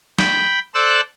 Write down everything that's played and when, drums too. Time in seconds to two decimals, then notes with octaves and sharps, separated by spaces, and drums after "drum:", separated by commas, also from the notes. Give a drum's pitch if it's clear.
0.19 G5 B5, drum: snare
0.74 A4 C5 D5 E6 F#6